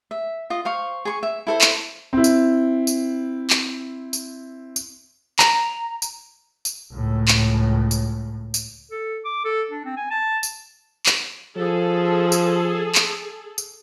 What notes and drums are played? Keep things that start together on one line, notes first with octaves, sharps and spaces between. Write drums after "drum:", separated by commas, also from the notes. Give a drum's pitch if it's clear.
E5
F4 D#5
C5 F5 C#6
G#4 C6 C#6
E5
E4 A4 C5
drum: clap
C4 E4
drum: tambourine
drum: tambourine
drum: clap
drum: tambourine
drum: tambourine
A#5, drum: clap
drum: tambourine
drum: tambourine
C#2 A2
drum: clap
drum: tambourine
drum: tambourine
A4
D6
A4
D4
C4
G#5
A5
drum: tambourine
drum: clap
F3 G#4 A4
drum: tambourine
drum: clap
drum: tambourine